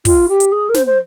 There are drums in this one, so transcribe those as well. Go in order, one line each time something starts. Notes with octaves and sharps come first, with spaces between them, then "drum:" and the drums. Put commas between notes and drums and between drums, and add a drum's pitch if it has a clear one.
F4, drum: kick, open hi-hat
G4
drum: hi-hat
G#4
A#4
C5, drum: snare
C5